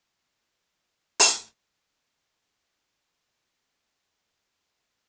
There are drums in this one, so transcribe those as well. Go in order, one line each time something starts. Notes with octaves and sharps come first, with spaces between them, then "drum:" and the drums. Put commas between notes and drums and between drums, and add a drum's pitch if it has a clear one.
D2 A2
drum: open hi-hat
A#2 D#3
D#3 C#4 D4 D5
G#4
G4 A4 C5 E5